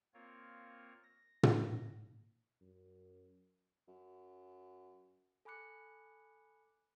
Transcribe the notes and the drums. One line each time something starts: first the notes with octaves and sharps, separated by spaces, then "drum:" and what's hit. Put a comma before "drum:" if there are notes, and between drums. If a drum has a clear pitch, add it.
A#3 C4 F4 A#4 C#5
A#6
drum: tom
F#2
F#2
A4 G#5 B5 D6 F#6 C#7